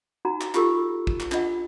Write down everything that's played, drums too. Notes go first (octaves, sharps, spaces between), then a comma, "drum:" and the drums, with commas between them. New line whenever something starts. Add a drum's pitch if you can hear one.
D#4 F#4 F#5 A#5
drum: clap
F4 G4 A4 E6, drum: clap
drum: kick
drum: clap
D4 F4 D#5 F#5, drum: clap